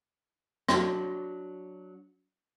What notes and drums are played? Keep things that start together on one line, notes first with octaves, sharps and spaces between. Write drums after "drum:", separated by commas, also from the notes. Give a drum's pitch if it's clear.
F#3 D4 F#4, drum: rim click